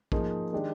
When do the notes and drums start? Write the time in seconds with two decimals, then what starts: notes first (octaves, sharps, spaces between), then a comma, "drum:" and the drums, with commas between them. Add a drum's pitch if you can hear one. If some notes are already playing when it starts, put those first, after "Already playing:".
0.12 F3 A#3 D#4 G#4, drum: kick
0.53 D#3 G#3 D4 G4